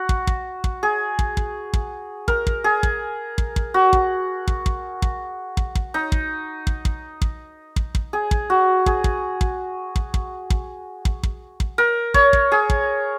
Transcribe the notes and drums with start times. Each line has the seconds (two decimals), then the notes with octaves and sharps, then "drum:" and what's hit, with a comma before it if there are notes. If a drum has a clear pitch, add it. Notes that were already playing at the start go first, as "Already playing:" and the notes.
Already playing: F#4
0.09 drum: kick
0.27 drum: kick
0.64 drum: kick
0.83 G#4
1.19 drum: kick
1.37 drum: kick
1.73 drum: kick
2.28 A#4, drum: kick
2.47 drum: kick
2.64 G#4
2.83 drum: kick
3.38 drum: kick
3.56 drum: kick
3.74 F#4
3.93 drum: kick
4.47 drum: kick
4.66 drum: kick
5.02 drum: kick
5.57 drum: kick
5.75 drum: kick
5.94 D#4
6.12 drum: kick
6.67 drum: kick
6.85 drum: kick
7.22 drum: kick
7.76 drum: kick
7.95 drum: kick
8.13 G#4
8.31 drum: kick
8.50 F#4
8.86 G#4, drum: kick
9.04 drum: kick
9.41 drum: kick
9.96 drum: kick
10.14 drum: kick
10.50 drum: kick
11.05 drum: kick
11.23 drum: kick
11.60 drum: kick
11.78 A#4
12.14 C#5, drum: kick
12.33 drum: kick
12.52 G#4
12.70 drum: kick